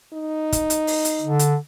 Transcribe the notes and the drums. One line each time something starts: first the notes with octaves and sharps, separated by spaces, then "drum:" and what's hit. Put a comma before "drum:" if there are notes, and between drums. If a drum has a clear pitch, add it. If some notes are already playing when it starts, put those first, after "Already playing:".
D#4
drum: kick, hi-hat
drum: hi-hat
drum: open hi-hat
drum: hi-hat
D3
drum: hi-hat